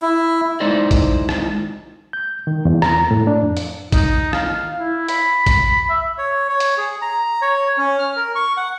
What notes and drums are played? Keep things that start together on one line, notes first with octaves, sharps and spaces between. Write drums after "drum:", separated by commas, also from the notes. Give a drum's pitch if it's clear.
E4
G#3 D#4 E4 C5 D5 D#5
drum: kick, hi-hat
drum: rim click
G6
D#3
E2
A#5, drum: rim click
A2
D4
F2
drum: hi-hat
D#4, drum: kick, hi-hat
F5, drum: rim click
E4
B5, drum: hi-hat
drum: kick, hi-hat
E5
C#5
C#5
drum: hi-hat
G#4
A#5
C#5
C#4
F6
A#4
C#6
F#5